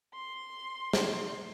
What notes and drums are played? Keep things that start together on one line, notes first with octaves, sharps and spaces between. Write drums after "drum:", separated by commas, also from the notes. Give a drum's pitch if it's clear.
C6
drum: snare